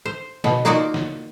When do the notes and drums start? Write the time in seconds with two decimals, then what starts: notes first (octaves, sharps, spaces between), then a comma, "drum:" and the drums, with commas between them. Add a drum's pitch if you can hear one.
0.06 C5
0.44 B2, drum: snare
0.65 A#3 D#4 F4 F#4 A#4 D5
0.94 drum: snare